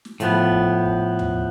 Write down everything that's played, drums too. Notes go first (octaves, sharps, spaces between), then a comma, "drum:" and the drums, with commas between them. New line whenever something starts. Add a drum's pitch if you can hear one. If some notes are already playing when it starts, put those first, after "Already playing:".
drum: snare
A2 F3 B3, drum: hi-hat
drum: kick
drum: kick
drum: tom D2